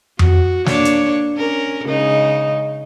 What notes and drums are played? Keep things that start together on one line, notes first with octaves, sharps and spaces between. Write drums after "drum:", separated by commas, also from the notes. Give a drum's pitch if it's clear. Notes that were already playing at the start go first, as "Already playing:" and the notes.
F#4, drum: tom F2
A#3 D4 C#5, drum: snare
drum: hi-hat
C#4 A#4
C#3 G#3 D#4